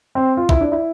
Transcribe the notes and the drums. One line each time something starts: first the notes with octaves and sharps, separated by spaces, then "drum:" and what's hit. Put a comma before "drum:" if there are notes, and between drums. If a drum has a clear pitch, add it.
C4
F4
E4, drum: kick
D4
E4